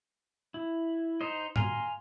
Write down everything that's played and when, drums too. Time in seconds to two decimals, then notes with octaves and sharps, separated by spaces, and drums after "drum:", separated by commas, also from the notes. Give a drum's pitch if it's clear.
0.54 E4
1.21 D#4 C5 D#5
1.56 F5 G#5 A#5 C6, drum: tom